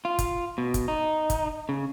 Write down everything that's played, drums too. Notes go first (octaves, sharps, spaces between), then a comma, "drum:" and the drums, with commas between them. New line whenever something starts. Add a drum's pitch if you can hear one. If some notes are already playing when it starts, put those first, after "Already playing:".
F4
drum: kick, hi-hat
B2
drum: kick, hi-hat
D#4
drum: kick, hi-hat
C#3